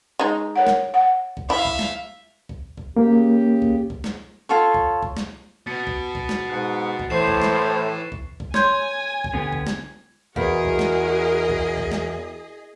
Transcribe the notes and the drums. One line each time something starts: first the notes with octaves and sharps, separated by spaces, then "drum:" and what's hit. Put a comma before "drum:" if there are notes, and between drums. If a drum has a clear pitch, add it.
G#3 D#4
A#4 C#5 F#5
drum: snare
F#5
drum: kick
E4 E5 F5
drum: kick
drum: snare
drum: kick
drum: kick
C#3 A#3 G4
drum: kick
drum: kick
drum: snare
F4 A4 C#5
drum: kick
drum: kick
drum: snare
B2 A6 B6 C#7
drum: kick
drum: kick
drum: snare
G#2 F#6 C#7
drum: kick
A2 E3 C5 C#6 C7 E7
drum: kick
drum: snare
drum: kick
drum: kick
C#5 G#5 C6 G6 G#6, drum: snare
drum: kick
D3 B3 G4
drum: kick
drum: snare
E2 F#4 G#4 A#4 D#5, drum: kick
drum: kick
drum: snare
drum: kick
drum: kick
drum: snare